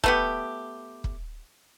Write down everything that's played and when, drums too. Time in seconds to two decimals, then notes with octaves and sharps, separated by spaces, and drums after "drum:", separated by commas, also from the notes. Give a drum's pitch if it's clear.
0.04 A3 B3 G4, drum: kick
1.04 drum: kick